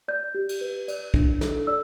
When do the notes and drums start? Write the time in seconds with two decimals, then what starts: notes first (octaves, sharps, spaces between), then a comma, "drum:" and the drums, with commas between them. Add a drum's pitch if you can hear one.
0.08 D5 G6
0.35 G4
0.49 drum: cymbal
0.61 B4
0.88 D5, drum: cymbal
1.14 D4, drum: kick
1.41 A4, drum: snare
1.67 D5 E6